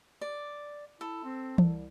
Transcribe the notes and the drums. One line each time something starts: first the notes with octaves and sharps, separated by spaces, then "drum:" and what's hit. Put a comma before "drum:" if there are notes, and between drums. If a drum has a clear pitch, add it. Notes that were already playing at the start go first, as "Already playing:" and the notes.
D5
E4 A4
C4
C2, drum: tom E3